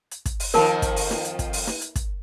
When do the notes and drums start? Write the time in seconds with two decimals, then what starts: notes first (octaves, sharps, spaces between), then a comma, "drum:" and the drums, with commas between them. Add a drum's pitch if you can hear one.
0.11 drum: hi-hat
0.26 drum: kick, hi-hat
0.40 drum: open hi-hat
0.54 F2 D#3 F3 A#4 A5, drum: snare
0.82 drum: kick, hi-hat
0.96 drum: open hi-hat
1.11 drum: snare
1.25 drum: hi-hat
1.39 drum: kick, hi-hat
1.53 drum: open hi-hat
1.67 drum: snare
1.81 drum: hi-hat
1.96 drum: kick, hi-hat